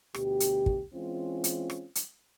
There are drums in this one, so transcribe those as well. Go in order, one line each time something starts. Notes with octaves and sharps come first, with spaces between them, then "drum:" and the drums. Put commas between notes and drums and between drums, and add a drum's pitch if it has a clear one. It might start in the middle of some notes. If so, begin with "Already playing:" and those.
D2 B2 G4, drum: rim click
drum: hi-hat
drum: kick
E3 G#3 C4 C#4 F4
drum: hi-hat
drum: rim click
drum: hi-hat